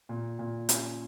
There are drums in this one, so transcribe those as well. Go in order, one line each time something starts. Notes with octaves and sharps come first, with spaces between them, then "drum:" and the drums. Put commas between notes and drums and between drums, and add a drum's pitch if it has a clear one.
A#2
A#2
C#4, drum: hi-hat